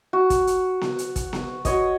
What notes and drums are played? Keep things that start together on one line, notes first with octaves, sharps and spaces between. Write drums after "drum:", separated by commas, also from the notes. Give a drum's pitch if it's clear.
F#4
drum: kick, hi-hat
drum: hi-hat
drum: snare B3
drum: hi-hat
drum: kick, hi-hat
drum: snare B3
F#4 C#5 D#5, drum: kick, hi-hat